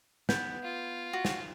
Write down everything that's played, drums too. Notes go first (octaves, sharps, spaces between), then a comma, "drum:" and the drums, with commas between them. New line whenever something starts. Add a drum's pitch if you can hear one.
B3 G6, drum: snare
F4
F#4
drum: snare